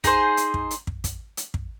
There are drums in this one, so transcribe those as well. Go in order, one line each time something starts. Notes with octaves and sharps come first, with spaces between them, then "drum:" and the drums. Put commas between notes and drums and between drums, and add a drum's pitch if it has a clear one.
D#4 G#4 C5, drum: kick, hi-hat
drum: hi-hat
drum: kick
drum: hi-hat
drum: kick
drum: kick, hi-hat
drum: hi-hat
drum: kick